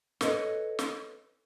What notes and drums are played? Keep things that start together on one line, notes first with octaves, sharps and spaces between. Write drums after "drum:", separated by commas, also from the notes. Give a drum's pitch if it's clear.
A4 B4 C#5 D#5, drum: snare
drum: snare